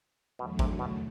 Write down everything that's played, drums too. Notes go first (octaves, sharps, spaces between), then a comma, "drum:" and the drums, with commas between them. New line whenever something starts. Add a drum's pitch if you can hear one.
E2 B2 D3 F#3 A3
C3, drum: kick A1
B2